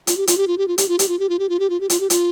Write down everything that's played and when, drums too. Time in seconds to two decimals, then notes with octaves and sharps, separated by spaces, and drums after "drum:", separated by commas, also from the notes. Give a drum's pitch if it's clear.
0.07 F4, drum: hi-hat
0.17 G4
0.27 F4, drum: hi-hat
0.38 G4
0.48 F4
0.58 G4
0.68 F4
0.78 G4, drum: hi-hat
0.88 F4
0.99 G4, drum: hi-hat
1.08 F4
1.19 G4
1.29 F4
1.39 G4
1.49 F4
1.60 G4
1.70 F4
1.80 G4
1.90 F4, drum: hi-hat
2.00 G4
2.10 F4, drum: hi-hat